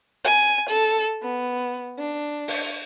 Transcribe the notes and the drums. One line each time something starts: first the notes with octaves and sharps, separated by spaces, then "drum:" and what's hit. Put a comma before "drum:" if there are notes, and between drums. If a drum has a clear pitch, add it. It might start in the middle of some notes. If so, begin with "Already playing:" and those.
G#5
A4
B3
D4
drum: open hi-hat